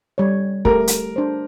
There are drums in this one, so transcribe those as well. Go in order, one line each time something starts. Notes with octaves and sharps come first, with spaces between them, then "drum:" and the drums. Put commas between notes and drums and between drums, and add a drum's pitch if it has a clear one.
G3 C#5
A3 G4 A#4, drum: kick
drum: hi-hat
D4 C5